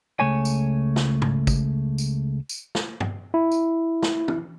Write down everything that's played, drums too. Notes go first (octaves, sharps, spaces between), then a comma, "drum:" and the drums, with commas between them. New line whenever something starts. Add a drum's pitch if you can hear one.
C#2 C#3 A3 C#5 G#5
drum: tambourine
drum: snare
drum: tom
drum: kick, tambourine
drum: tambourine
drum: tambourine
drum: snare
drum: tom G2
E4
drum: tambourine
drum: snare
drum: tom